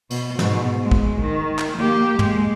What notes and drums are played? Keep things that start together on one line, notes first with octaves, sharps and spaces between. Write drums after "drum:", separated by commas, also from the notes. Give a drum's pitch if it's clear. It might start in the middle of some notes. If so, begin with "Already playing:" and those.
B2, drum: cymbal
G#2 B2, drum: snare
G#3
drum: kick
D#3
drum: clap
A#3 G4
G#3, drum: tom